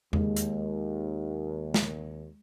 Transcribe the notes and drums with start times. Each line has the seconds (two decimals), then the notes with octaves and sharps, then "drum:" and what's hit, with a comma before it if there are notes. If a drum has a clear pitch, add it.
0.13 D#2 G#3, drum: tom E2
0.37 drum: hi-hat
1.74 drum: snare